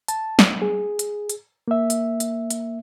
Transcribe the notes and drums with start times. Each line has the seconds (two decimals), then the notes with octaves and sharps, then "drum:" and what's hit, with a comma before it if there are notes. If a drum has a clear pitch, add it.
0.08 A5, drum: hi-hat
0.39 drum: snare
0.62 G#4
0.99 drum: hi-hat
1.29 drum: hi-hat
1.68 A#3 E5
1.90 drum: hi-hat
2.20 drum: hi-hat
2.50 drum: hi-hat